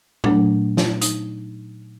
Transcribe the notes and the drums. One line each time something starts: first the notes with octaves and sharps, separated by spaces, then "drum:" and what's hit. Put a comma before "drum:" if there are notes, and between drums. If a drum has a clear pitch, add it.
A#2 F#3 A3 D4, drum: tom A#2
drum: snare
D#4, drum: hi-hat